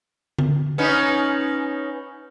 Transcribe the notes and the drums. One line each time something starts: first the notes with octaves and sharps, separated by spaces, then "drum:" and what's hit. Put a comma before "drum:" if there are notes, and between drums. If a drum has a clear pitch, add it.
drum: tom D3
B3 C#4 D#4